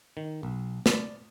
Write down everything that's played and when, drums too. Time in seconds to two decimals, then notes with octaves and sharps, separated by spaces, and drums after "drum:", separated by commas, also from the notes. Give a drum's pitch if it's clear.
0.17 D#3
0.43 B1
0.86 D5, drum: snare